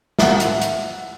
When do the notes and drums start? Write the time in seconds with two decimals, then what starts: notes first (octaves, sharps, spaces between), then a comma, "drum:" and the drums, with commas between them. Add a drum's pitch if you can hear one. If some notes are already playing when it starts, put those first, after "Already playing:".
0.19 E5 F#5, drum: snare
0.40 drum: hi-hat
0.61 drum: hi-hat